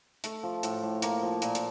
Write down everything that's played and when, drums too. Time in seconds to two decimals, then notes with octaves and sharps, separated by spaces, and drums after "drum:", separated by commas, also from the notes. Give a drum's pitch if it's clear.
0.24 A3, drum: hi-hat
0.43 F3
0.63 A2, drum: hi-hat
0.83 A2
1.02 A#3, drum: hi-hat
1.22 F3
1.42 A#2, drum: hi-hat
1.55 drum: hi-hat